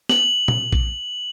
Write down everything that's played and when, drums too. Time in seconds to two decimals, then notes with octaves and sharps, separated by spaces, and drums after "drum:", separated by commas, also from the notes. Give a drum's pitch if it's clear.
0.09 F#7, drum: snare
0.48 drum: tom A#2
0.72 drum: kick A#1